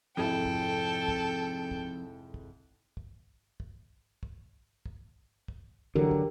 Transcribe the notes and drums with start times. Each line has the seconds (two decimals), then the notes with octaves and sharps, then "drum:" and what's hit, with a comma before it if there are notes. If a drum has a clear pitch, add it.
0.17 F1 F2 G#2 E4 A4 G5
0.46 drum: kick
1.08 drum: kick
1.71 drum: kick
2.34 drum: kick
2.97 drum: kick
3.60 drum: kick
4.23 drum: kick
4.86 drum: kick
5.48 drum: kick
5.96 D3 E3 F#3 G4 A#4
6.11 drum: kick